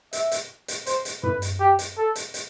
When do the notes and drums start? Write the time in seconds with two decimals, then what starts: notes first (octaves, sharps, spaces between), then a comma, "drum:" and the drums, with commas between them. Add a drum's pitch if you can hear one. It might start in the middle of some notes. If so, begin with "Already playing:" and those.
0.13 E5, drum: hi-hat
0.32 drum: hi-hat
0.68 drum: hi-hat
0.86 C5, drum: hi-hat
1.05 drum: hi-hat
1.23 B4, drum: tom
1.42 drum: hi-hat
1.60 G4
1.79 drum: hi-hat
1.98 A4
2.16 drum: hi-hat
2.34 drum: hi-hat